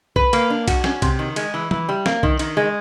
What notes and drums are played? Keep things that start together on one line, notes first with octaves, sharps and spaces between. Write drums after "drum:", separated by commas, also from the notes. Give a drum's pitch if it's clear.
B4, drum: kick B1
A#3, drum: cymbal
D4
F#4, drum: kick B1, cymbal
C#4, drum: snare
C3, drum: kick B1, cymbal
D#3
G#3, drum: cymbal
E3
E3, drum: tom F3
G3
A#3, drum: snare
D#3, drum: kick B1
D#3, drum: cymbal
G#3